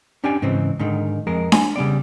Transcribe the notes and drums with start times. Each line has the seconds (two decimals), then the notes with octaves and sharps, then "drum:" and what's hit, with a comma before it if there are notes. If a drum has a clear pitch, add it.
0.24 C#4 D4 G4 D5 G5 G#5
0.42 G#2 C#3 E3 C4
0.79 G#2 D3 D#3
1.27 F2 G#3 A#4
1.52 G#5, drum: snare D4
1.76 C#3 G3 B3 D5